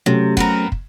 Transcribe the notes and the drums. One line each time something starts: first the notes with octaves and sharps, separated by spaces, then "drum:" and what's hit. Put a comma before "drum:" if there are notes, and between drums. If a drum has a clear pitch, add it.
C3 F#3 A3 C#4
B3 C4 A#4, drum: kick
drum: kick